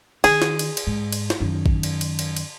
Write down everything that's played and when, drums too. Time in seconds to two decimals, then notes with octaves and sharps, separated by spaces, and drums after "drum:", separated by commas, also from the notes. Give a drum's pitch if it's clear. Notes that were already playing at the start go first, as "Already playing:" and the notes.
0.24 D#3 G#4, drum: cymbal
0.42 drum: snare
0.59 drum: cymbal
0.77 drum: cymbal
0.87 G#2
1.12 drum: cymbal
1.30 drum: snare
1.40 F#2 D#3
1.66 drum: kick A1
1.83 drum: cymbal
2.01 drum: cymbal
2.19 drum: cymbal
2.36 drum: cymbal